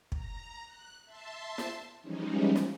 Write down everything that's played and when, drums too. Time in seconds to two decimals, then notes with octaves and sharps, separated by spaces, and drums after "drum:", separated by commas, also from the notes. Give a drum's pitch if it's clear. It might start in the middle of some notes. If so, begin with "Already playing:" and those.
0.12 A#5, drum: kick
0.64 F#6
1.05 E5 A5 C6
1.58 drum: snare
2.01 E3 F3 G3 G#3 C#4 D#4
2.56 drum: snare